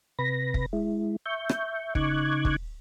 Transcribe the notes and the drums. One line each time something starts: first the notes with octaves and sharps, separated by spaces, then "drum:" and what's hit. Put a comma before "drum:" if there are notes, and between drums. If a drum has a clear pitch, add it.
C3 B4 B5 A#6
drum: kick
G#3 E4
E5 C#6 G6
drum: rim click
C#3 D#4 C#6 D6 F#6 G#6, drum: kick
drum: kick